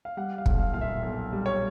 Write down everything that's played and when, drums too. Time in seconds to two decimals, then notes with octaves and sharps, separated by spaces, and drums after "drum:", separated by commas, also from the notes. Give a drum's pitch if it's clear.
0.05 F5
0.17 G3 F#5
0.38 F5
0.46 B1, drum: kick
0.60 F5
0.74 A#2 F5
0.81 E5
1.03 B1
1.33 G3
1.46 C#5